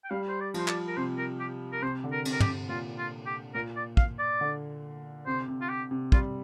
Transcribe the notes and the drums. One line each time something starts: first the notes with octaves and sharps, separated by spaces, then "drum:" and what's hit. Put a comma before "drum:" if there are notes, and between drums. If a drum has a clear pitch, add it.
G5
G3 F5
C5
D5
F3 C5, drum: cymbal
D5, drum: clap
A#4
C3 C5
A#4
G4
A#4
C3 C5
D3
A#4
C3, drum: cymbal
A#4
G4, drum: tom
C3
A#2 F4
F4
G4
A#2 A#4
D5
F5, drum: kick
D5
D3
C3 C5
C3
F4
G4
C3
G3 F4, drum: kick